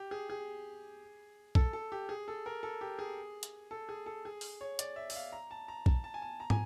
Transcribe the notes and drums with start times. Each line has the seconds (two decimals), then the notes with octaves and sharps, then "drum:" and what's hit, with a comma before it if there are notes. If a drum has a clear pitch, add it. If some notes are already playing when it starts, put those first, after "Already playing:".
Already playing: G4
0.11 G#4
0.30 G#4
1.55 A4, drum: kick
1.73 A4
1.92 G4
2.09 G#4
2.28 A4
2.46 A#4
2.63 A4
2.81 G4
2.99 G#4
3.43 drum: hi-hat
3.71 A4
3.89 G#4
4.06 A4
4.25 G#4
4.41 drum: open hi-hat
4.61 C#5
4.79 D5, drum: hi-hat
4.96 E5
5.10 E5, drum: open hi-hat
5.15 F5
5.32 A#5
5.51 A5
5.68 A#5
5.86 A5, drum: kick
6.04 A5
6.14 G#5
6.22 A5
6.40 A#5
6.50 G#5, drum: tom